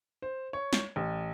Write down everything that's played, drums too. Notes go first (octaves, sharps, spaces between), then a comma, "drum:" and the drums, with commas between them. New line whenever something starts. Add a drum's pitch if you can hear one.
C5
C#5
drum: snare
A1